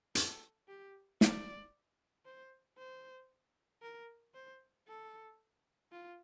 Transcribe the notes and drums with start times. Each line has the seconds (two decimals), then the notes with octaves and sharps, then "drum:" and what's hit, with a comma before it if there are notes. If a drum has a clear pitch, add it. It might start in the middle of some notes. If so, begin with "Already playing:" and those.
0.15 A4, drum: hi-hat
0.68 G4
1.21 D5, drum: snare
2.25 C5
2.78 C5
3.82 A#4
4.34 C5
4.88 A4
5.92 F4